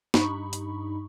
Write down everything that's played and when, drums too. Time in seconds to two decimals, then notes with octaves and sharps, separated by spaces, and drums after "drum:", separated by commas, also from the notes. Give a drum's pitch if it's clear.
0.14 G2 D#4 B5 C#6, drum: snare
0.53 drum: hi-hat